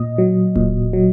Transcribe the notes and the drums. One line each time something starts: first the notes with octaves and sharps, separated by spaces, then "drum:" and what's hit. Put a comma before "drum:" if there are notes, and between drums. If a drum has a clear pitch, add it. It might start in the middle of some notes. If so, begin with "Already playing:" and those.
Already playing: A#2 D#5
F#3
A#2, drum: kick D1
F#3